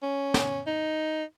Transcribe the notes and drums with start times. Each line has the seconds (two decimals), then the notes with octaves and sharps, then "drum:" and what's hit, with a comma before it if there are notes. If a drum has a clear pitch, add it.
0.02 C#4
0.34 drum: snare
0.67 D#4